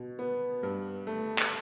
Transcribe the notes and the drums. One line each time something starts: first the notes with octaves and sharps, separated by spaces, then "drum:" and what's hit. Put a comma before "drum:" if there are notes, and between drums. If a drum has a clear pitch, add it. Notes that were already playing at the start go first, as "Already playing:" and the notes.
Already playing: B2
B3
G2
A3
drum: clap